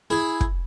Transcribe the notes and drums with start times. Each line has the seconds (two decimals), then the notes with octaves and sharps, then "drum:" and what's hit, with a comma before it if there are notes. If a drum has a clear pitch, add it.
0.10 E4 G#4
0.41 drum: kick